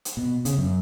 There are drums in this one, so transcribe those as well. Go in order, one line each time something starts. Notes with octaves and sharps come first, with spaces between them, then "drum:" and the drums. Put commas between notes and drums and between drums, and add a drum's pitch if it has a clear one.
drum: hi-hat
B2
C#3, drum: hi-hat
F#2